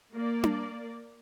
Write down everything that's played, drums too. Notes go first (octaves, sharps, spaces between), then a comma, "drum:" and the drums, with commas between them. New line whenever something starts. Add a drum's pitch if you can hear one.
A#3 D5
drum: tom D4